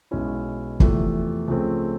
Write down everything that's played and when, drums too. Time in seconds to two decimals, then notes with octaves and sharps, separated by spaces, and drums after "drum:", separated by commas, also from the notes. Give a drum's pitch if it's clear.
0.11 B1 B2 G#3 C#4 E4
0.80 E2 C3 F3 A3, drum: kick
1.48 C#2 C#3 F3 A3 C4